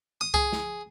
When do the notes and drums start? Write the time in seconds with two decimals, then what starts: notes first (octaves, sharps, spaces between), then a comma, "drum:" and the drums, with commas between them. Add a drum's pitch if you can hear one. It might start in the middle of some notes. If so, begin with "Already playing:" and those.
0.21 D#6
0.34 G#4, drum: kick C2
0.53 drum: snare